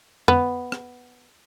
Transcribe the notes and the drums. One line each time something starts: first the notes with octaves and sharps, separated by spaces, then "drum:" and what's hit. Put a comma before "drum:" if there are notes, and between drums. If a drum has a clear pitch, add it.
B3, drum: tom F2
drum: rim click